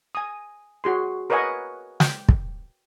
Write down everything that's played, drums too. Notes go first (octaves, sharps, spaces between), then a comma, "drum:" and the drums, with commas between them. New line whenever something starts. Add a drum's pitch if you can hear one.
G#5 D#6
F#4 G#4 C6
A#4 B4 C#5 D#5 F#5 G#5
G5, drum: snare
drum: kick